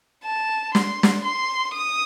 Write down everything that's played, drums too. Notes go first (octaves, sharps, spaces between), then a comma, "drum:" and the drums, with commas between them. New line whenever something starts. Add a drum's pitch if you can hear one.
A5
C6, drum: snare
drum: snare
C6
D#6